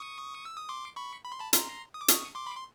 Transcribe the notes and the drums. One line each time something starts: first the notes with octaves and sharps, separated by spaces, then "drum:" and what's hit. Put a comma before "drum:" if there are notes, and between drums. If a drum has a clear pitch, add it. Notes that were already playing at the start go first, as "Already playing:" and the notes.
Already playing: C#6 D#6
E6
D#6
C6 D6
B5 C#6
B5
C6
A5 B5
A#5 C6, drum: hi-hat
D#6
D6
C#6 D#6, drum: hi-hat
C6 D6
B5
C6